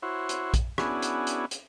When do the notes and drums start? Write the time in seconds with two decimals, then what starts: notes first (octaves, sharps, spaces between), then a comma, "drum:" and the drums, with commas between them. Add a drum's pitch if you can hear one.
0.02 E4 F#4 C5 C#5
0.29 drum: hi-hat
0.54 drum: kick A#1, hi-hat
0.78 B3 C#4 D4 E4 F#4 G#4, drum: rim click
1.02 drum: hi-hat
1.27 drum: hi-hat
1.51 drum: hi-hat